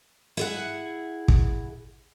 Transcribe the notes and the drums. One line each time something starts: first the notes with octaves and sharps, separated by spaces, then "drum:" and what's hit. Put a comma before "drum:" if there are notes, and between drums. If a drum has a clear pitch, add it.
E4 G#4 F#5
drum: kick